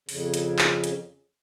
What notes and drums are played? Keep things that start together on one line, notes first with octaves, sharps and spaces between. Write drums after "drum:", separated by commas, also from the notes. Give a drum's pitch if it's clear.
F2 C#3, drum: open hi-hat
drum: hi-hat
drum: clap
drum: hi-hat